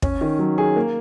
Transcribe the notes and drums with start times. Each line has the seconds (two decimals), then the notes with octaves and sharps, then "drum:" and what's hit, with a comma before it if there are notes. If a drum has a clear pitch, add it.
0.02 C#4, drum: kick
0.21 D#3
0.39 F#3
0.58 G#4
0.76 A#3